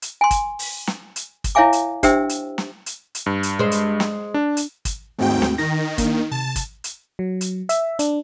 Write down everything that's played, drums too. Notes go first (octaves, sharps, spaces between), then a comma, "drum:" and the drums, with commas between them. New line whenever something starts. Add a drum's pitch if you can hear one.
drum: hi-hat
G#5 C6
drum: kick, hi-hat
drum: open hi-hat
drum: snare
drum: hi-hat
drum: kick, hi-hat
E4 C#5 E5 F5 G#5 D6
drum: hi-hat
D4 G4 C5 E5 G5 E6, drum: kick, hi-hat
drum: hi-hat
drum: snare
drum: hi-hat
drum: hi-hat
G2
drum: hi-hat
G#3 C5
drum: hi-hat
drum: snare
D4
drum: hi-hat
drum: kick, hi-hat
D#2 G#2 A3 C4 F#4 G5
drum: snare
D#3 A#6
A#3 D4, drum: kick, hi-hat
C3 A5
drum: kick, hi-hat
drum: hi-hat
F#3
drum: hi-hat
E5, drum: hi-hat
D4, drum: hi-hat